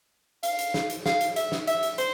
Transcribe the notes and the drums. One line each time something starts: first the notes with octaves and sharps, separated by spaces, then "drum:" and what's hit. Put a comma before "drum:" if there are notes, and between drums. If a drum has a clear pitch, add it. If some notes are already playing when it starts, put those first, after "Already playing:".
F5, drum: hi-hat
drum: hi-hat
drum: snare
drum: hi-hat
F5, drum: snare
drum: hi-hat
E5, drum: hi-hat
drum: snare
E5, drum: hi-hat
drum: hi-hat
C5, drum: hi-hat